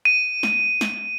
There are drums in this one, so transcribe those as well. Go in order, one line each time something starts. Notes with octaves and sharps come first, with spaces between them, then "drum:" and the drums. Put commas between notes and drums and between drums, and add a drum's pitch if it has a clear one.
D#7
drum: snare
drum: snare